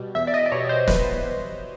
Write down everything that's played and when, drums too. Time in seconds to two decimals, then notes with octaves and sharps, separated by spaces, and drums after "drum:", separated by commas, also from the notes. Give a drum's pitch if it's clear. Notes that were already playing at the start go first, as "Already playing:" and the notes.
Already playing: B2 G3
0.15 E2 E5
0.27 D5
0.34 D#5
0.46 D5
0.52 B2 G3 C#5
0.69 C5
0.88 E2 B4, drum: snare